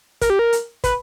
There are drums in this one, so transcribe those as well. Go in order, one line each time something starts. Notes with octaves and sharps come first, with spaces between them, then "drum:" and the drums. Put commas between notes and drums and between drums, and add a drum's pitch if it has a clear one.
A#4, drum: kick, hi-hat
G4
A#4
drum: hi-hat
B4, drum: kick, hi-hat